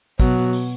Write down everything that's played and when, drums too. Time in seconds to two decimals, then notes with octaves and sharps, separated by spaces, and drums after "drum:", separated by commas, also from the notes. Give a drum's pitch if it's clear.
0.20 B2 F#3, drum: kick, hi-hat
0.53 drum: open hi-hat